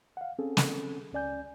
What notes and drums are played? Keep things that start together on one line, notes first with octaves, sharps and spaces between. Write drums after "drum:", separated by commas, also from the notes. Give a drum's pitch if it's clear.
F5 F#5
C4 C#4 G#4 A4
drum: snare
C#2 C#4 D5 G#5 G6